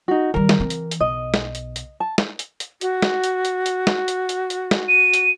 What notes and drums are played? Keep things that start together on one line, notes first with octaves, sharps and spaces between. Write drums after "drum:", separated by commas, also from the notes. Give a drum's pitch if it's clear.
D#4 F#4
D#3 G3 A#4
drum: snare
E3 C4
drum: hi-hat
drum: hi-hat
B1 D#5
drum: snare
drum: hi-hat
drum: hi-hat
A5
drum: snare
drum: hi-hat
drum: hi-hat
F#4, drum: hi-hat
drum: snare
drum: hi-hat
drum: hi-hat
drum: hi-hat
drum: snare
drum: hi-hat
drum: hi-hat
drum: hi-hat
drum: snare
D#7
drum: hi-hat